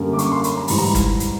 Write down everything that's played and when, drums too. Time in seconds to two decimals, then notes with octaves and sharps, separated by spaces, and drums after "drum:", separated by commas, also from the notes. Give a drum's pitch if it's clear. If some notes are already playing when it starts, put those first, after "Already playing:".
Already playing: F#2 D3 G3 A#3 C#4
0.13 D6
0.19 C#6, drum: hi-hat
0.32 C6
0.44 B5, drum: hi-hat
0.57 A#5
0.68 G#2 E3 G3 B5, drum: open hi-hat
0.78 A#5
0.95 drum: kick, hi-hat
1.20 drum: hi-hat